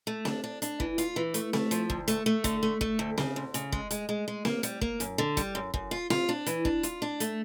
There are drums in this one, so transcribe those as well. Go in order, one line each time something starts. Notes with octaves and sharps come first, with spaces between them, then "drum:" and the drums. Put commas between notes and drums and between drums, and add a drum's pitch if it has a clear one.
A3
D4, drum: snare C4
D4
D4, drum: hi-hat
E3, drum: kick
F4, drum: hi-hat
E3
A3, drum: hi-hat
A3, drum: snare C4
F3, drum: hi-hat
D2, drum: kick
A3, drum: hi-hat
A3
D3, drum: kick, hi-hat
A3
A3, drum: kick
D2
C#3, drum: snare C4
D2
C#3, drum: hi-hat
G#3, drum: kick
G#3, drum: hi-hat
G#3
G#3
A#3, drum: snare C4
G3, drum: hi-hat
A#3, drum: kick
F#2, drum: hi-hat
D3
G3, drum: kick, hi-hat
F#2
F#2, drum: kick
F4
F4, drum: snare C4
D4
E3, drum: hi-hat
D4, drum: kick
F4, drum: hi-hat
D4
A3, drum: hi-hat